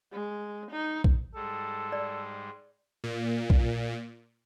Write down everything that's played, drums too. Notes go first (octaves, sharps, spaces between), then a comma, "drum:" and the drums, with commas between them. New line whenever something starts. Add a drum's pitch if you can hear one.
G#3
D#4
drum: kick
G#2 G3 G#3 A4
D5
A#2
drum: kick